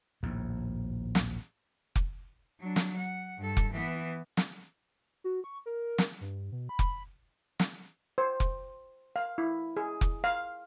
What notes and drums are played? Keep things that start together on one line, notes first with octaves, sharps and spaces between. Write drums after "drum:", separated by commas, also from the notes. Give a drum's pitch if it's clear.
A#1 D#2 A2
drum: snare
drum: kick F1
F#3 D4
drum: snare
F#5
G2 A4
drum: kick F1
E3 B3
drum: snare
F#4
C#6
A#4
drum: snare
G2
B2
B5
drum: kick F1
drum: snare
C5
drum: kick F1
F5
E4
G#4
drum: kick F1
F5